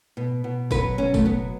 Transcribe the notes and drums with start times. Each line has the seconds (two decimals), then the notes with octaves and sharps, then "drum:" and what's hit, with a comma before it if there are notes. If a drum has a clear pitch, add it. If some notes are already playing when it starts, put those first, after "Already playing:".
0.17 B2
0.44 B2
0.71 F#3 B4, drum: kick, tambourine
0.98 B2 C#4
1.14 A3, drum: kick, tambourine
1.25 F#3 B3